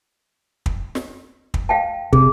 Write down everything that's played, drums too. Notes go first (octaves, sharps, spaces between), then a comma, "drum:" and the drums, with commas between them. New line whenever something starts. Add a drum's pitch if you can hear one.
drum: kick
drum: snare
drum: kick
F5 G5 A5
C3 G#4, drum: kick